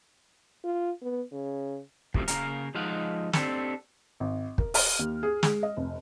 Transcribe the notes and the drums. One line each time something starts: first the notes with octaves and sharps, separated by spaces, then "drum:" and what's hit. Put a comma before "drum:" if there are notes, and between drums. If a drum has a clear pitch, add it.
F4
B3
C#3
F#2 A2 C3 F3, drum: kick
C#3 A#3 A#4, drum: hi-hat
F3 G#3 D#4 F5 F#5
C4 D4 G4 A4, drum: snare
G#1
A#4, drum: kick
F6, drum: open hi-hat
D#2
G#4
G#3, drum: snare
D#5
F1